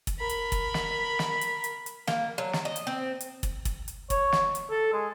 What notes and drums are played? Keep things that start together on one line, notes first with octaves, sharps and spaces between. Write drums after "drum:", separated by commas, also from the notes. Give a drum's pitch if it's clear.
drum: kick, hi-hat
A#4 B5
drum: hi-hat
drum: kick, hi-hat
drum: snare
drum: snare
drum: hi-hat
drum: hi-hat
drum: hi-hat
A#3, drum: snare
F#3
drum: snare
D#5
drum: hi-hat
C4
drum: hi-hat
drum: kick, hi-hat
drum: kick, hi-hat
drum: hi-hat
C#5, drum: kick, hi-hat
drum: snare
drum: hi-hat
A4
G#3